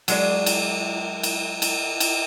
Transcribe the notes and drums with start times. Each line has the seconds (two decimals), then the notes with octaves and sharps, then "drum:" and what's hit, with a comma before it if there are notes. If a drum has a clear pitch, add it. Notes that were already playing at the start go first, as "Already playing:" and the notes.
0.08 F#3 G#3 D5, drum: cymbal
0.46 drum: cymbal
1.23 drum: cymbal
1.62 drum: cymbal
2.00 drum: cymbal